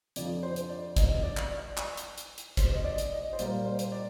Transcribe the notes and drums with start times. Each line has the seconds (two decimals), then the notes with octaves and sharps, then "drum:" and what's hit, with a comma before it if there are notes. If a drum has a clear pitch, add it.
0.16 F2 D3 F3 D5, drum: hi-hat
0.43 C5
0.56 drum: hi-hat
0.69 D5
0.97 D#5, drum: kick, hi-hat
1.23 D5
1.37 drum: clap
1.51 D5
1.77 drum: clap
1.97 drum: hi-hat
2.18 drum: hi-hat
2.38 drum: hi-hat
2.57 C5, drum: kick, hi-hat
2.74 D#5
2.84 D5
2.98 drum: hi-hat
3.12 D#5
3.33 C5
3.39 A#2 G3 A#3 D5, drum: hi-hat
3.66 C5
3.79 drum: hi-hat
3.92 D5